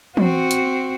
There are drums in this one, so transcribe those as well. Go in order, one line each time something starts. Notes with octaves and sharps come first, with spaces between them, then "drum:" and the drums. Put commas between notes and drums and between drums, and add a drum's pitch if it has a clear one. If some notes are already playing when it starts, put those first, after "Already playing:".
C4 F#4, drum: tom
drum: hi-hat